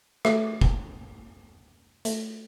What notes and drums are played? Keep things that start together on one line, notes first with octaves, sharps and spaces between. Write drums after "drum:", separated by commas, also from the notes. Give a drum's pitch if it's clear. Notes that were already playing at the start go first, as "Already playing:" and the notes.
A3 B4 E5, drum: rim click
drum: kick
A3, drum: hi-hat